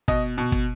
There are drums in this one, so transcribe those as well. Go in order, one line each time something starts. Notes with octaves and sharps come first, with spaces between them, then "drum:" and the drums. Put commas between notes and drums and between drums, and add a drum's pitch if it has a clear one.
B2 D#5, drum: kick
B2
drum: kick